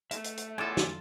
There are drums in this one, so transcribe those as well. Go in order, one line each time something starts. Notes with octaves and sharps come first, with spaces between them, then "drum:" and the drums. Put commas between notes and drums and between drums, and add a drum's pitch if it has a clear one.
A3 E5, drum: hi-hat
drum: hi-hat
drum: hi-hat
E2 A2 F4 A4 G#5 D6 E6
drum: snare